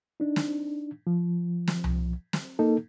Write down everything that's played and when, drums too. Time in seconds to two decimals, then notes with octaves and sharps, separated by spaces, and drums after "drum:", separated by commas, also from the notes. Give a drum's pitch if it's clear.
0.20 D4 D#4
0.36 drum: snare
1.07 F3
1.68 drum: snare
1.84 drum: tom C2
2.33 drum: snare
2.59 A#3 D#4 A4